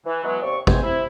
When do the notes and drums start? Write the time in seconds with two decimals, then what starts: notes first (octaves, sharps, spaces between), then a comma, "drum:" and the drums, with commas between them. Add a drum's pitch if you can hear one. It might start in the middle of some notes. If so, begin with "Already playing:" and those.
0.06 E3
0.23 B2 E3 F#3 G#3
0.42 D#2 C3 C4 D5 C#6
0.67 E2 G#3 B3 C4 C5 G#5, drum: kick G#1
0.82 C3 E4